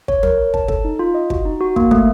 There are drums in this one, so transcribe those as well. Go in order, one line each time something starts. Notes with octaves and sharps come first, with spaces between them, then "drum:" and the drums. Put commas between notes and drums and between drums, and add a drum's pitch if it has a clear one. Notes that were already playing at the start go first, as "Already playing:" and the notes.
C#5, drum: kick
A#4, drum: tom
C#5
A5, drum: kick
A4, drum: kick
D#4
F4
D#5
F#4, drum: kick
D#4
F#4
A#3, drum: kick
A3, drum: kick